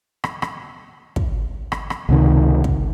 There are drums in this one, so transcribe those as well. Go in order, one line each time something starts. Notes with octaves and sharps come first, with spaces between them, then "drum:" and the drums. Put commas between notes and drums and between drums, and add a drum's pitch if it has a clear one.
drum: rim click
drum: rim click
drum: kick
drum: rim click
drum: rim click
C#2 C3 D#3
drum: kick